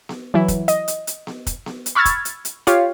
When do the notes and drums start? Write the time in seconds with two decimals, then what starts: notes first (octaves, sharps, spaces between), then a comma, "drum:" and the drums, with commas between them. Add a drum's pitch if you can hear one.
0.09 drum: snare B3
0.34 E3 F#3 E4
0.48 drum: kick, hi-hat
0.68 D#5, drum: hi-hat
0.88 drum: hi-hat
1.07 drum: hi-hat
1.27 drum: snare B3
1.47 drum: kick, hi-hat
1.66 drum: snare B3
1.86 drum: hi-hat
1.95 B5 C#6 E6 F6 G#6 A6
2.05 drum: kick, hi-hat
2.25 drum: hi-hat
2.45 drum: hi-hat
2.67 F4 G4 C#5 F5, drum: hi-hat